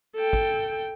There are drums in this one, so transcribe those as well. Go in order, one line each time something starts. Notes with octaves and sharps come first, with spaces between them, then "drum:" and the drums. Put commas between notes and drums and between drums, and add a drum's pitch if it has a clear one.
A4 G5
drum: kick